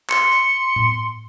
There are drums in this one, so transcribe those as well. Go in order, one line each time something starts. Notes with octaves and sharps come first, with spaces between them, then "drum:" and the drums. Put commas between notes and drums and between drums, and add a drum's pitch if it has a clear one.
C6 C#7, drum: clap
drum: hi-hat
drum: tom A2